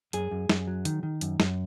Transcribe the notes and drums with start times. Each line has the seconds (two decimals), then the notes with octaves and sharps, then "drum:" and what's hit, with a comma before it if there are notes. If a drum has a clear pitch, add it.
0.13 F#2 G#4, drum: hi-hat
0.31 F#2
0.50 F#2, drum: snare
0.67 F#3
0.85 D#3, drum: hi-hat
1.03 D#3
1.21 F#2, drum: hi-hat
1.40 F#2, drum: snare